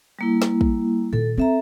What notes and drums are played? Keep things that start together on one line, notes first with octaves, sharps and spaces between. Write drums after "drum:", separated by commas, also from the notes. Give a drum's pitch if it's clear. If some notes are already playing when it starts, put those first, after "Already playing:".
G3 A#3 E4
drum: snare
drum: kick
A#2 D#3 A4
C4 A4 E5 A#5